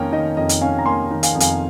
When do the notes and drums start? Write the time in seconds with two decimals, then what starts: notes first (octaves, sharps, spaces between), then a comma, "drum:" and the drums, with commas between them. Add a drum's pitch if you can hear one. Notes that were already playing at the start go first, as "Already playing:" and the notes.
Already playing: F2 D#3 A#3 C#4 G5 A#5
0.12 D#3 D#5
0.37 F2 D#5
0.49 drum: hi-hat
0.61 C#4 F5 G#5
0.79 A#5
0.86 A#3 G#5 C6
1.11 D#3
1.23 F5 G#5, drum: hi-hat
1.35 F2
1.40 F5 G#5, drum: hi-hat